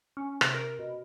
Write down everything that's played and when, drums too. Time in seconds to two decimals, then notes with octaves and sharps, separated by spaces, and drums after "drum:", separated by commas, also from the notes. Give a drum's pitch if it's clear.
0.17 C#4
0.41 C3, drum: rim click
0.54 A#4
0.79 B2